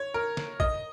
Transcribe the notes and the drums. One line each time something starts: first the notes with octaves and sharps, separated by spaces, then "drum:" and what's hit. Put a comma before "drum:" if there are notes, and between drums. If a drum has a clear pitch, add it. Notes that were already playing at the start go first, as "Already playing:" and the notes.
Already playing: C#5
A#4
drum: snare
D#5, drum: kick